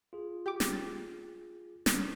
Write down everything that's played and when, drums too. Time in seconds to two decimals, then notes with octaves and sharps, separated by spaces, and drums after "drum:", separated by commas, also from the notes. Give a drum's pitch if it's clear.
0.13 F4 G#4
0.46 G4 D6
0.60 drum: snare
0.73 A6
1.86 drum: snare